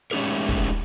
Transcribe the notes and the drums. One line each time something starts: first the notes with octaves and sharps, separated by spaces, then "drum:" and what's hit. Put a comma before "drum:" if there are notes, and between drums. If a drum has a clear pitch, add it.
G#3 A3 C#4 D#4 G4 A#4
drum: kick